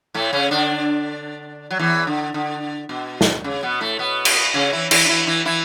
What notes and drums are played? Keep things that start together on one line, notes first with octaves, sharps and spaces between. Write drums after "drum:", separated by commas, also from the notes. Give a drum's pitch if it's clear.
A2 A3
C#3 C#4
D3 D4
F#3
E2 E3
D3
D3
B2
drum: snare
C#3
B2 B3
A2 A3
B2 B3
drum: cymbal
C#3 C#4
E3 E4
E3 E4, drum: cymbal
D4
E3 E4
E3 E4
E3 E4